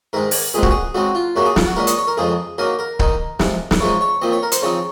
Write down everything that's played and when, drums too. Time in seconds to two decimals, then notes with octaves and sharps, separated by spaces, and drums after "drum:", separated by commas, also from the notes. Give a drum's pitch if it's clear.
0.13 G#2 D#3 G#3 A#4
0.31 drum: open hi-hat
0.54 A#2 G#3 C4 G#4
0.63 F#4, drum: kick C#1
0.71 G#4
0.95 C#3 G#3 C4 D#4 F#4
1.15 F4
1.36 F#2 C#3 F#3 A#3 F#4
1.46 G#4
1.56 F4, drum: snare
1.66 F#4
1.76 A#2 G#3 C#4 A#4
1.87 D#5, drum: hi-hat
1.97 C#5
2.07 A#4
2.17 F2 C#3 F3 G#3 G#4
2.58 C#3 F#3 A#3 D#4 A#4
2.79 A#4
2.99 D#3 A#3 D#4, drum: kick C#1
3.39 C3 F3 G#3, drum: snare
3.71 drum: snare
3.80 F#2 C#3 F3 G#3 D#4 C#5
4.01 C#5
4.22 A#2 F3 C4 D#5
4.32 C#5
4.43 A#4
4.52 C5, drum: hi-hat
4.62 C#3 F3 C4 D#4 C#5